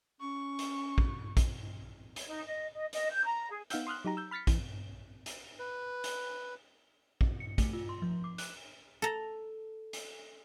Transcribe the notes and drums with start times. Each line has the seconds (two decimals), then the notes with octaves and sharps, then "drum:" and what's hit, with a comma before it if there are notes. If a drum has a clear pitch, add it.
0.21 C#4 C#6
0.59 drum: hi-hat
0.98 drum: kick A#1
1.37 drum: kick A#1, hi-hat
2.16 C#5, drum: hi-hat
2.29 D#4
2.46 D#5
2.73 D#5
2.93 D#5, drum: hi-hat
3.11 G6
3.24 A#5
3.50 G#4
3.70 B3 D#4 F5 F#5 E6 G6, drum: hi-hat
3.87 C6 D#6 F6 F#6
4.05 F#3 D#4 G4 A#5
4.17 E6 G6
4.31 B5 F6 A6 B6 C#7
4.47 E3, drum: kick A#1, hi-hat
5.26 drum: hi-hat
5.59 B4
6.04 drum: hi-hat
7.21 drum: kick A#1
7.40 C#7
7.58 A3, drum: kick A#1, hi-hat
7.73 F4
7.89 C6
8.02 F3
8.24 D6
8.38 F#6, drum: hi-hat
9.02 A4 A#5
9.93 drum: hi-hat